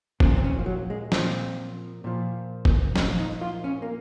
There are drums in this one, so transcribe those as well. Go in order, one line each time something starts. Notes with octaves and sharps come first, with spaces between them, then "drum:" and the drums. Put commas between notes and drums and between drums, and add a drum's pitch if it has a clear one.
A#2 F3 C#4, drum: kick
C4
C#4
F3
F#3
G#3
A#2 F3 C4, drum: snare
A#2 F3
drum: kick
A#2 F3 C#4, drum: snare
D#4
F4
C#4
A#3